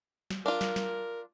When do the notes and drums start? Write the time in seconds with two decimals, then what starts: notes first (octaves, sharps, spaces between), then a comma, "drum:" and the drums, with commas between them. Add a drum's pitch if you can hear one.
0.30 drum: snare
0.46 D4 F4 A#4
0.61 drum: snare
0.76 drum: snare